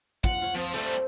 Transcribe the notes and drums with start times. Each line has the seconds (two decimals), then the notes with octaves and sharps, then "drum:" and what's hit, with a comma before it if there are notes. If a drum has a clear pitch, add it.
0.24 F4 F#5, drum: kick
0.42 F4 C#5
0.55 F3 C4
0.74 G3 A3 A4 C5 F5